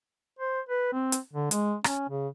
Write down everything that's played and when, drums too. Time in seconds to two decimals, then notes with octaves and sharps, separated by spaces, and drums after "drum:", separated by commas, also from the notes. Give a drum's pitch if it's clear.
0.39 C5
0.69 B4
0.93 C4
1.12 drum: hi-hat
1.33 D3
1.51 G#3, drum: hi-hat
1.84 C#4, drum: rim click
2.09 C#3